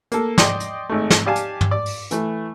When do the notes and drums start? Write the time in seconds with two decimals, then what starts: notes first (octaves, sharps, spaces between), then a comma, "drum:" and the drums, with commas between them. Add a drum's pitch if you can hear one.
0.12 A#3 A4, drum: hi-hat
0.38 D5 D#5 G5 C6, drum: snare
0.60 drum: hi-hat
0.89 G#1 A3
1.10 drum: snare
1.26 G4 D5 F5 G#5 A5
1.36 drum: hi-hat
1.61 drum: tom
1.71 D5
1.86 drum: open hi-hat
2.11 E3 A3, drum: hi-hat